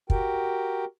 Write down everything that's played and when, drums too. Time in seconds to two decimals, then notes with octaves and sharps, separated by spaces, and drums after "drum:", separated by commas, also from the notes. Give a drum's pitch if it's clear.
0.10 F#4 G4 A#4 G5, drum: kick